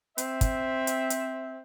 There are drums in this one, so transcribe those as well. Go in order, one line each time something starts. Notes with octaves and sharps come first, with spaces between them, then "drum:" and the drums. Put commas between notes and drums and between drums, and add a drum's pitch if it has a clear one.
C4 E5, drum: hi-hat
drum: kick, hi-hat
drum: hi-hat
drum: hi-hat